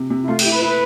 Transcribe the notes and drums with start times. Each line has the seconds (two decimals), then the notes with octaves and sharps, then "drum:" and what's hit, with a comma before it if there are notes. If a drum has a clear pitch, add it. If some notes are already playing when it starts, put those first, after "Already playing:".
Already playing: C3
0.10 C3
0.23 E4
0.27 A3 F4
0.39 G4, drum: cymbal
0.45 E4
0.51 B4
0.62 E4 B4